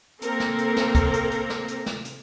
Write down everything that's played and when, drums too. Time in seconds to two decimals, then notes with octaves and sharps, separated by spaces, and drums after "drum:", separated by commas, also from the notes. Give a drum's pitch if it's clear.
0.22 A#3 C4 A4 A#4, drum: hi-hat
0.40 drum: snare
0.58 drum: hi-hat
0.76 drum: snare
0.95 drum: kick, hi-hat
1.13 drum: hi-hat
1.31 drum: hi-hat
1.50 drum: snare
1.68 drum: hi-hat
1.86 drum: snare
2.05 drum: hi-hat